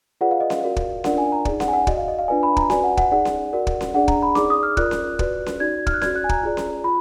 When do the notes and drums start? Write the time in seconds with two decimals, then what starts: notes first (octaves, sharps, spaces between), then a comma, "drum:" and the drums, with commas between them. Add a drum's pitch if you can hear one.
0.21 F4 G#4 B4 D5 F#5
0.31 F5
0.40 D#5
0.50 F5, drum: snare C#4
0.62 F#4 A#4 D5
0.77 drum: kick
1.04 D4 F4 A#4 D5 F#5, drum: snare C#4
1.18 G#5
1.32 A#5
1.45 D#4 G#4 D5, drum: kick
1.60 F#5, drum: snare C#4
1.68 G#5
1.73 F#5
1.87 F#4 D5 D#5, drum: kick
1.98 F5
2.08 D#5
2.19 F5
2.28 D4 F4 B4 D5 G#5
2.43 B5
2.57 A#5, drum: kick
2.70 F#4 B4 D5 G#5, drum: snare C#4
2.84 F#5
2.97 F#5, drum: kick
3.12 D#4 G#4 D5 F#5
3.25 drum: snare C#4
3.53 F#4 A#4 D5
3.67 drum: kick
3.81 drum: snare C#4
3.94 D4 G#4 D5 F#5
4.08 A#5, drum: kick
4.22 B5
4.35 D#4 G#4 D5 D6, drum: snare C#4
4.50 D#6
4.63 F6
4.77 F4 A#4 D5 F#6, drum: kick
4.91 drum: snare C#4
5.19 F#4 B4 D5, drum: kick
5.46 drum: snare C#4
5.60 D#4 F#4 D5 G#6
5.87 F6, drum: kick
5.94 F#6
6.02 F#4 D5 G#6, drum: snare C#4
6.16 F#6
6.24 G#5
6.29 A#5, drum: kick
6.43 F4 G#4 D5
6.57 drum: snare C#4
6.84 F4 B5